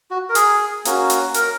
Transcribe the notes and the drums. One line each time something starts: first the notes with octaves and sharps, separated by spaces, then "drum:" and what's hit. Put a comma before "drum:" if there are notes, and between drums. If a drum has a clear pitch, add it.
F#4
A#4
G#4, drum: hi-hat
A#3 C#4 F#4, drum: hi-hat
drum: hi-hat
A#4, drum: hi-hat